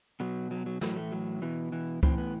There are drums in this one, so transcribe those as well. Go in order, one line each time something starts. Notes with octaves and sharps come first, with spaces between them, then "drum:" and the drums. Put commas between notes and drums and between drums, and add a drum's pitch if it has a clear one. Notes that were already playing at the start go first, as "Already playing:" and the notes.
B2 F#3
F#3
F#3
A2 E3 F#3, drum: snare
A3
F#3
B2 E3
E3
A2 E3 C4, drum: kick C#2
B3